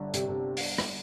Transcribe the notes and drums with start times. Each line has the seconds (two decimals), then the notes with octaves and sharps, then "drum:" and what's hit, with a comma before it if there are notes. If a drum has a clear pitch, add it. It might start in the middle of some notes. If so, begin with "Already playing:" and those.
Already playing: G1 G2 D3
0.14 C3, drum: hi-hat
0.29 C3
0.57 drum: open hi-hat
0.78 drum: rim click